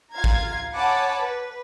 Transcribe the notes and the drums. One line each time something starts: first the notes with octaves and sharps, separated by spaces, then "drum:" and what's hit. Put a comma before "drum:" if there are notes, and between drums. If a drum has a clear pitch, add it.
F4 F5 A#5 G#6
drum: kick A1
C#5 F#5 G#5 A5 B5 D6
B4